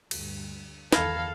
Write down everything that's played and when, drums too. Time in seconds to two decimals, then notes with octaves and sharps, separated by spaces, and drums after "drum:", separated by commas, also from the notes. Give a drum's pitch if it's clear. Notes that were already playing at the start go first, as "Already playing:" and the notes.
0.11 D2 G2, drum: cymbal
0.92 G1 E2 D#3 A4 F5 B5 G#6 A#6, drum: snare